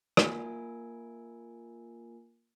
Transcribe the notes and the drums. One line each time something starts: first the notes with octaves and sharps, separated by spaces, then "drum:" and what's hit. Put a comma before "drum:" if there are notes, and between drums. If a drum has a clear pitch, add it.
A#3 F4 A#4 G#5, drum: rim click